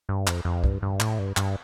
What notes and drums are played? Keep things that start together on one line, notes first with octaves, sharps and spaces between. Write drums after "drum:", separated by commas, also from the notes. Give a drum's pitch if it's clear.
G2
F2, drum: clap
F2
G2, drum: kick
G2
A2, drum: clap
G2
G2, drum: clap